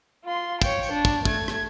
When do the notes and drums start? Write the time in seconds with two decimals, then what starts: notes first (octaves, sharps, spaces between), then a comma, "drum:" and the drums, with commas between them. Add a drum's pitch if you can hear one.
0.25 F4 C6
0.62 C#5 G5, drum: kick, tambourine
0.83 drum: tambourine
0.92 D4
1.05 drum: kick, tambourine
1.25 A3 G#6, drum: kick
1.48 drum: rim click